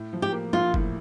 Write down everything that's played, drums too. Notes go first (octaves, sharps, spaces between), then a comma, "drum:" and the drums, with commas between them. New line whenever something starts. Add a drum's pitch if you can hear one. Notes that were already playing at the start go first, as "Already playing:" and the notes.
Already playing: A2
F3
G4
A#3
A#1 F4
A2, drum: kick F#1